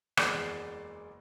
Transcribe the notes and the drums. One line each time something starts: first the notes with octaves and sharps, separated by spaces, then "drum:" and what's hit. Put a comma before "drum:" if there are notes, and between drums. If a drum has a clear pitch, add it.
F#1 E2 G#3 D5 D6 C7, drum: rim click